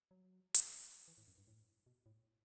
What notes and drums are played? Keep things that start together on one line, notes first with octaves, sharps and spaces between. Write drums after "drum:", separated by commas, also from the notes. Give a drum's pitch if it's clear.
F#3
drum: hi-hat
E3
A2
F#2
G2
A2
B2
A2